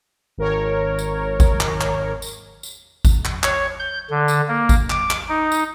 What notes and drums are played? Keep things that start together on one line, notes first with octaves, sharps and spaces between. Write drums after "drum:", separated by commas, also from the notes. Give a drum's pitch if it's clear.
G#1 A#4 C#5
drum: tambourine
drum: kick G#1, tambourine
drum: clap
drum: clap
drum: tambourine
drum: tambourine
drum: kick G#1, tambourine
drum: clap
C#5, drum: clap
G6
D3
drum: tambourine
A#3
drum: kick G#1, tambourine
D6, drum: clap
drum: clap
D#4
drum: tambourine